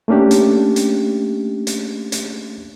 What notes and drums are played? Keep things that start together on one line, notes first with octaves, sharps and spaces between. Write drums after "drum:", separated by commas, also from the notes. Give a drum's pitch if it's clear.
A3 A#3 C#4 D4 G4
drum: hi-hat
drum: hi-hat
drum: hi-hat
drum: hi-hat